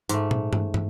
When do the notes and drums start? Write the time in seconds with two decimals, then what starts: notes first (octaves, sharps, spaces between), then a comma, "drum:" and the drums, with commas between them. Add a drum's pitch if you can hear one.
0.09 G#2 A3, drum: hi-hat
0.31 drum: tom
0.53 drum: tom
0.74 drum: tom